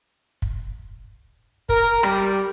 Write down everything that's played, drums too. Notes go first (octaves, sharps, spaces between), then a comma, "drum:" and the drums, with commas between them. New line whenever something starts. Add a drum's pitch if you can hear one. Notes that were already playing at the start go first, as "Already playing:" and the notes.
drum: kick
A#4, drum: kick
G3, drum: rim click